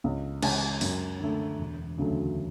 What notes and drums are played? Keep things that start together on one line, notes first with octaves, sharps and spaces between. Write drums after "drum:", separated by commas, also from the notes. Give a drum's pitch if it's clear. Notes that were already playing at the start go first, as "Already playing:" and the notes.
C#2
C#3 G#3, drum: cymbal
F#2, drum: open hi-hat
D3 A3
E1
D2 C#3 F#3 A3